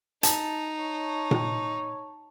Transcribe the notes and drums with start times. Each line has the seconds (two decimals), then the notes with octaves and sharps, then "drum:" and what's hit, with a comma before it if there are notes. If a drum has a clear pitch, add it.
0.23 D#4 A5, drum: hi-hat
0.78 C#5
1.31 drum: tom A#2